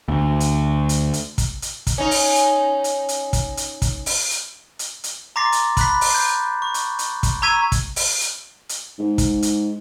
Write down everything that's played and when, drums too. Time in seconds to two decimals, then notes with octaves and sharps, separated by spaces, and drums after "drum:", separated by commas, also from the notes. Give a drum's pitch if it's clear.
0.08 D2
0.40 drum: hi-hat
0.89 drum: hi-hat
1.13 drum: hi-hat
1.38 drum: kick, hi-hat
1.62 drum: hi-hat
1.87 drum: kick, hi-hat
1.98 C#4 D#4
2.11 drum: open hi-hat
2.35 drum: hi-hat
2.84 drum: hi-hat
3.09 drum: hi-hat
3.33 drum: kick, hi-hat
3.57 drum: hi-hat
3.82 drum: kick, hi-hat
4.06 drum: open hi-hat
4.30 drum: hi-hat
4.79 drum: hi-hat
5.04 drum: hi-hat
5.36 A#5 C6 D6 A6 A#6 C7
5.52 drum: hi-hat
5.77 B5 F#6 B6, drum: kick, hi-hat
6.01 drum: open hi-hat
6.10 G6 C7
6.62 C#6
6.74 drum: hi-hat
6.99 drum: hi-hat
7.23 drum: kick, hi-hat
7.42 A#5 C#6 E6 G#6 B6 D#7
7.72 drum: kick, hi-hat
7.96 drum: open hi-hat
8.21 drum: hi-hat
8.69 drum: hi-hat
8.99 G#2
9.18 drum: kick, hi-hat
9.42 drum: hi-hat